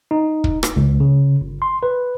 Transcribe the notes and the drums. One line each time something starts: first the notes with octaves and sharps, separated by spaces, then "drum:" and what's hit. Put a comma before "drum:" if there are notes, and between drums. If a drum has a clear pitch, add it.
D#4
drum: kick
drum: rim click
C#2
C#3
G1
C6
B4